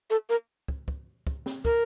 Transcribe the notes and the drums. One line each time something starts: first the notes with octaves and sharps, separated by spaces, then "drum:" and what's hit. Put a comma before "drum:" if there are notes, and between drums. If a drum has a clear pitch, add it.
A4
A#4
drum: kick
drum: kick
drum: kick
drum: snare
A#4, drum: kick